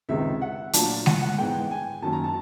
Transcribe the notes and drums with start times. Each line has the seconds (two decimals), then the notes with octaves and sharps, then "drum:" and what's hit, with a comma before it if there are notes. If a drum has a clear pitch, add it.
0.09 C#2 C3 D#3 G#3 E5
0.42 F#5
0.73 A#2 F#3 A3 D4 F4 A5, drum: hi-hat
1.06 F#5, drum: snare G#3
1.22 F#5
1.38 G#2 E3 G#3 B3 G5
1.71 G#5
2.02 F#2 D#3 F#3 A#3 A5
2.13 A#5
2.24 A5